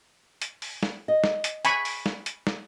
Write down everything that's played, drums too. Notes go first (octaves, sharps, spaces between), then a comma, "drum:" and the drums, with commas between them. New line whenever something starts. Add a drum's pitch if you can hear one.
drum: hi-hat
drum: open hi-hat
drum: snare
D#5
drum: snare
drum: hi-hat
G#5 B5 C#6, drum: hi-hat
drum: open hi-hat
drum: snare
drum: hi-hat
drum: snare